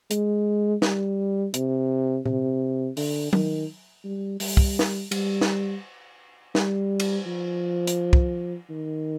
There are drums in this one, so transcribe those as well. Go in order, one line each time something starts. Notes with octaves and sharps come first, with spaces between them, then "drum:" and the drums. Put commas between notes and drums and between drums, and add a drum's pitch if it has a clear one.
G#3, drum: hi-hat
G3, drum: snare
C3, drum: hi-hat
C3, drum: tom A#2
D3, drum: open hi-hat
D#3, drum: tom F#3
G3
G3, drum: open hi-hat
drum: kick
drum: snare
G3, drum: cymbal
drum: snare
G3, drum: snare
drum: cymbal
F3
drum: hi-hat
drum: kick
D#3